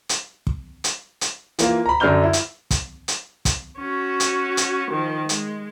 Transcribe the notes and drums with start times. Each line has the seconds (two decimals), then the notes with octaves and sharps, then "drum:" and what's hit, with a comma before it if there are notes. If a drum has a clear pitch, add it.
0.09 drum: hi-hat
0.47 drum: kick
0.84 drum: hi-hat
1.21 drum: hi-hat
1.59 E3 A#3 F4, drum: hi-hat
1.86 A#5 B5
2.00 F#2 D3 D4 F6 G6 G7
2.24 E4
2.33 drum: hi-hat
2.71 drum: kick, hi-hat
3.08 drum: hi-hat
3.45 drum: kick, hi-hat
3.78 C#4 F#4
4.20 drum: hi-hat
4.57 drum: hi-hat
4.91 D#3 F3
5.29 G#3, drum: hi-hat